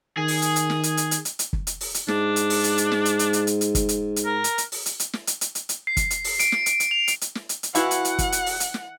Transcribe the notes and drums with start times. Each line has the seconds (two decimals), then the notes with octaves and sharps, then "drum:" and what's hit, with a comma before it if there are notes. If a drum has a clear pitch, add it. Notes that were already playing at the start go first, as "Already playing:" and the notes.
0.17 D#3 G#4
0.28 drum: open hi-hat
0.42 drum: hi-hat
0.56 drum: hi-hat
0.70 drum: snare
0.84 drum: hi-hat
0.97 drum: hi-hat
1.11 drum: hi-hat
1.25 drum: hi-hat
1.39 drum: hi-hat
1.53 drum: kick
1.67 drum: hi-hat
1.81 drum: open hi-hat
1.94 drum: hi-hat
2.08 G#2 D4, drum: snare
2.36 drum: hi-hat
2.50 drum: open hi-hat
2.64 drum: hi-hat
2.78 drum: hi-hat
2.92 drum: snare
3.05 drum: hi-hat
3.19 drum: hi-hat
3.33 drum: hi-hat
3.47 drum: hi-hat
3.61 drum: hi-hat
3.75 drum: kick, hi-hat
3.89 drum: hi-hat
4.16 drum: hi-hat
4.25 A#4
4.44 drum: hi-hat
4.58 drum: hi-hat
4.72 drum: open hi-hat
4.86 drum: hi-hat
5.00 drum: hi-hat
5.13 drum: snare
5.27 drum: hi-hat
5.41 drum: hi-hat
5.55 drum: hi-hat
5.69 drum: hi-hat
5.87 C7
5.97 drum: kick, hi-hat
6.11 drum: hi-hat
6.24 drum: open hi-hat
6.40 D7, drum: hi-hat
6.52 drum: snare
6.66 drum: hi-hat
6.80 drum: hi-hat
6.91 F7
7.08 drum: hi-hat
7.21 drum: hi-hat
7.35 drum: snare
7.49 drum: hi-hat
7.63 drum: hi-hat
7.75 E3 E4 F#4 F5 F#5, drum: hi-hat
7.91 drum: hi-hat
8.05 drum: hi-hat
8.19 drum: kick, hi-hat
8.32 drum: hi-hat
8.46 drum: open hi-hat
8.60 drum: hi-hat
8.74 drum: snare